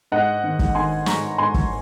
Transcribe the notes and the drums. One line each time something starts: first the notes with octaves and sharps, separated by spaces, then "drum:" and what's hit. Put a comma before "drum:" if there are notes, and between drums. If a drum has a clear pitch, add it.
G#2 D#5 F#5
D#3
drum: kick
D#3 G#5 C6
G#2 A#5 C#6, drum: snare
G#2 G#5 C6
drum: kick